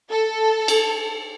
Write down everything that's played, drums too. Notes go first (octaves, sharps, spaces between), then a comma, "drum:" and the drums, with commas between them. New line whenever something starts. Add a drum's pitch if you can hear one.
A4
drum: cymbal